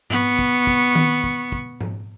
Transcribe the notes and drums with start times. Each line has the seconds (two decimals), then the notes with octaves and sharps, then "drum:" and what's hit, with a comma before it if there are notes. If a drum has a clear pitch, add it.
0.10 B3 C#6, drum: tom G#2
0.39 drum: kick
0.67 drum: kick
0.95 drum: tom D#3
1.24 drum: kick
1.52 drum: kick
1.81 drum: tom G#2